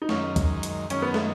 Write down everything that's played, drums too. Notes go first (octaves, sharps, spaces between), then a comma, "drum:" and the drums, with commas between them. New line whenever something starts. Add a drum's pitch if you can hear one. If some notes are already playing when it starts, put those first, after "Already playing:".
D#4
F#2 D#3 G#3 C#4, drum: snare
drum: kick C2, hi-hat
drum: hi-hat
F#2 D#3 G#3 C#4, drum: hi-hat
B3
A3, drum: snare